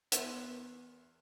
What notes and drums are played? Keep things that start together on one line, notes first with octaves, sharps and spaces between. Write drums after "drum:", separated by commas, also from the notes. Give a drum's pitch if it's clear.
E2 B3 E5 C6 E6 F#6, drum: hi-hat